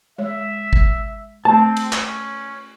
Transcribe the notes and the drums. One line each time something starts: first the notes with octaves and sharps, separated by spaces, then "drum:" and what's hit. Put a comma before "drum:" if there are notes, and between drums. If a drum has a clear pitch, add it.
G#3 C#5 E5
drum: kick
A3 C4 A5
drum: cymbal
C#4, drum: clap